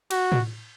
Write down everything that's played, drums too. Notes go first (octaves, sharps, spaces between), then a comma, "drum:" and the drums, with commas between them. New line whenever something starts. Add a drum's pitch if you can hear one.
F#4, drum: cymbal
drum: tom A2